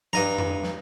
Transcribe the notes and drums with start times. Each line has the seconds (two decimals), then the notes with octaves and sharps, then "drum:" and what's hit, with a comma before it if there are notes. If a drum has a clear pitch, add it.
0.13 G2 D#5 A#5, drum: snare
0.38 drum: tom F2
0.64 drum: snare